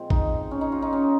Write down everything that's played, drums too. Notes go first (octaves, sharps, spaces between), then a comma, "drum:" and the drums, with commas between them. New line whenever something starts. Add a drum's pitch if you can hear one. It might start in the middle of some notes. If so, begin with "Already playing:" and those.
Already playing: A#2 F3 G#3 C4
D#4, drum: kick A1
C#4
D#4
F4
D#4
C#4